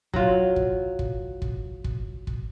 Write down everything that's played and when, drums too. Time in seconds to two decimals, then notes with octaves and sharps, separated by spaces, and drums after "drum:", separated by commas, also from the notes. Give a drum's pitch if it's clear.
0.14 F#3 F4, drum: kick
0.56 drum: kick
0.99 drum: kick
1.42 drum: kick
1.84 drum: kick
2.27 drum: kick